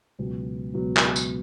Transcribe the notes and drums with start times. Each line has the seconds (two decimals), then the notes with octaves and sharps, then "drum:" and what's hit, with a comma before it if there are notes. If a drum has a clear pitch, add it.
0.19 C#2 B2 F#3 B3 F#4
0.73 C#2 B2 F#3 B3 F#4
0.97 drum: clap
1.16 drum: tambourine